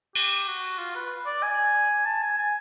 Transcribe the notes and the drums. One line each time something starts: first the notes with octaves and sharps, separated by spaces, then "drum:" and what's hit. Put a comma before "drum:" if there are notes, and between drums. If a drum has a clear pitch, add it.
G4, drum: cymbal
F#4
F4
B4
D5
G#5
A5
G#5
G#5